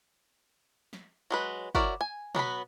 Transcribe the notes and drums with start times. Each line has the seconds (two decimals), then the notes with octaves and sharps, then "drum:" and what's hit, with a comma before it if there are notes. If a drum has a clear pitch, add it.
0.93 drum: snare
1.31 F#3 G#3 B4
1.75 E4 F#4 A#4 C#5 D5, drum: kick
2.01 G#5
2.35 F#3 B3 B4 B5, drum: tom B2